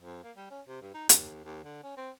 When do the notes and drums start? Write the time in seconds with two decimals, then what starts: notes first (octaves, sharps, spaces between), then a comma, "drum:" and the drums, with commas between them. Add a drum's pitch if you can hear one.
0.02 F2
0.24 A#3
0.37 G3
0.51 C#4
0.68 C3
0.82 G2
0.94 D#4
1.09 D#2, drum: hi-hat
1.45 D#2
1.64 D3
1.84 C#4
1.97 C4